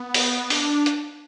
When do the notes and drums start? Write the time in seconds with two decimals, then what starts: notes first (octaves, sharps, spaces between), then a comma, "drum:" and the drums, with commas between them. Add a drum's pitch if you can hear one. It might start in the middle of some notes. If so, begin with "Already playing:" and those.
Already playing: B3
0.14 drum: open hi-hat
0.50 D4, drum: open hi-hat
0.86 drum: hi-hat